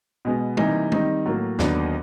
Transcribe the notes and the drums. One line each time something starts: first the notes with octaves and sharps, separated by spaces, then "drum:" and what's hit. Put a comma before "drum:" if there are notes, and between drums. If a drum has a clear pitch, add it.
B2 G#3 B3
C3 E3 G3 A#3 D#4, drum: tom
D#3 G3 C4 D#4, drum: tom
A2 F#3 A#3
D#2 D3 F#3 B3 D4, drum: snare